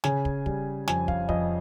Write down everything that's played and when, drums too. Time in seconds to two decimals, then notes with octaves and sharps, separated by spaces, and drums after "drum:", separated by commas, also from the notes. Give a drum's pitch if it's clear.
0.04 C#3 G#5, drum: snare
0.25 drum: kick
0.46 G3, drum: kick
0.88 F2 G#5, drum: snare
1.08 F5, drum: kick
1.29 F2 D#5, drum: kick